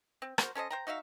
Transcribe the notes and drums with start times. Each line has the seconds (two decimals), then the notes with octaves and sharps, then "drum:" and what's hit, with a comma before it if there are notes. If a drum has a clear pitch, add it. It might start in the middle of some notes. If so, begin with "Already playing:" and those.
0.22 C4
0.38 F#4 A#4 C5, drum: rim click
0.55 C#4 A4 C5 D#5
0.70 C5 G5 A#5
0.87 D#4 F#4 E5 F5